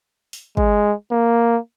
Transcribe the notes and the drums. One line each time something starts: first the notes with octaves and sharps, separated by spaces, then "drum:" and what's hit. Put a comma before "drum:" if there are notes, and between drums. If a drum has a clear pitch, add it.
drum: open hi-hat
G#3, drum: kick
A#3